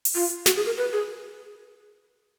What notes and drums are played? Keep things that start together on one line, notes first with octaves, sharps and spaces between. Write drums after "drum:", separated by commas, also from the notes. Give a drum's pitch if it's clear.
drum: open hi-hat
F4
F#4, drum: snare
G#4
A#4
B4
G#4